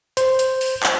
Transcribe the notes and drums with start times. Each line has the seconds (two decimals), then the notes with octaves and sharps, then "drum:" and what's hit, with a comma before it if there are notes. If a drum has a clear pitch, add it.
0.17 C5, drum: hi-hat
0.39 drum: hi-hat
0.61 drum: open hi-hat
0.83 drum: clap